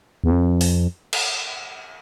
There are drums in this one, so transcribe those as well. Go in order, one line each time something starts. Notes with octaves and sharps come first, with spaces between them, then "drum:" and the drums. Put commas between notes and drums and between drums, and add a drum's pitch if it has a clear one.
E2
F2
drum: open hi-hat
drum: cymbal